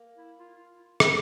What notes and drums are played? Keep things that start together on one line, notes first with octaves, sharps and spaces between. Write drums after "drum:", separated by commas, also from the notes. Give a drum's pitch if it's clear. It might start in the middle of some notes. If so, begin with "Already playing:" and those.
Already playing: A#3
E4
F4
F4
drum: rim click